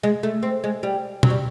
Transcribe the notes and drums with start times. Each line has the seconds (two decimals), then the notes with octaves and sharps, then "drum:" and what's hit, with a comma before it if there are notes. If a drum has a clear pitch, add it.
0.03 G#3
0.23 A3
0.43 C4
0.64 G#3
0.83 G3
1.23 F#3, drum: tom
1.30 G3